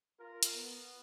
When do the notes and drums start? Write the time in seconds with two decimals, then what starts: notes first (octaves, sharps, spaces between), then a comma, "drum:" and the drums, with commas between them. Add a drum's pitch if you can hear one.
0.19 F4 A#4
0.43 drum: hi-hat
0.52 B3